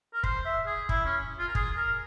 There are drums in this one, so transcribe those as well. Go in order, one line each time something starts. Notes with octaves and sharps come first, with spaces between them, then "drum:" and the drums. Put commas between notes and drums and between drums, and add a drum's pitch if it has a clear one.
A#4
C5, drum: kick
E5
G#4
E4, drum: kick
C#4
F4
A#4
G#4, drum: kick
A#4